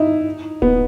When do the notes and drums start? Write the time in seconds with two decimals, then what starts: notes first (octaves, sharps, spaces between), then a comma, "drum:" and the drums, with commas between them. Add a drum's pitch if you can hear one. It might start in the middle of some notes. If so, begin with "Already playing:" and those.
Already playing: D#4 E4
0.62 B3, drum: kick D1